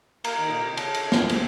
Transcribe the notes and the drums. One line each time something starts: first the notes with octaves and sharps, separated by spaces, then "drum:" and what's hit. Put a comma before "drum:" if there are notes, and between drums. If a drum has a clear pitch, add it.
A#3 A#5, drum: cymbal
D#3
A#2
C3
C#3 A5, drum: cymbal
drum: cymbal
drum: snare
C3, drum: cymbal